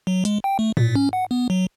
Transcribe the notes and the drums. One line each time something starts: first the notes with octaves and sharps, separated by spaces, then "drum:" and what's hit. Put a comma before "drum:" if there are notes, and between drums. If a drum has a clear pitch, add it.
F#3
G#3, drum: hi-hat
G5
A3
A#2, drum: tom
C#4
F#5
B3
F#3